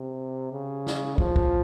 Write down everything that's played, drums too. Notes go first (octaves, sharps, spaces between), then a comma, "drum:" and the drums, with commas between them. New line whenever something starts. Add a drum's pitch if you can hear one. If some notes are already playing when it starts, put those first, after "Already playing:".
Already playing: C3
C#3
drum: snare
F3, drum: kick
drum: kick